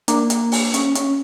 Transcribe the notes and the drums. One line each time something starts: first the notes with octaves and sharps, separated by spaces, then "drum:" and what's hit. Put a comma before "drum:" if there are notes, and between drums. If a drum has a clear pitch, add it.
A#3 D4, drum: hi-hat
drum: hi-hat
drum: open hi-hat
C#4, drum: hi-hat
C#4, drum: hi-hat